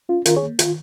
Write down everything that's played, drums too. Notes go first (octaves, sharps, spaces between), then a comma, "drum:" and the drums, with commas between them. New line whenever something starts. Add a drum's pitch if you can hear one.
C#4 F4
D#3 F4 A#4, drum: hi-hat
G#4 C#5
A#3
D#3 F4, drum: hi-hat